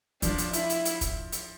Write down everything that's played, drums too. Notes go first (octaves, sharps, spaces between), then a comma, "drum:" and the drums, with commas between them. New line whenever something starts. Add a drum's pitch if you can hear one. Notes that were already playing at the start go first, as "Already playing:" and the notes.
F3 D4, drum: kick, hi-hat
drum: hi-hat
E4, drum: hi-hat
drum: hi-hat
drum: hi-hat
drum: kick, hi-hat
drum: hi-hat